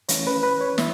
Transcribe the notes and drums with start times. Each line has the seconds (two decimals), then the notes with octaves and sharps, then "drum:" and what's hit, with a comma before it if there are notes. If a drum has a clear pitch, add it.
0.09 E3 A3 C#4 C#5, drum: hi-hat
0.27 B4
0.43 B4
0.61 C#5
0.78 E3 E5, drum: snare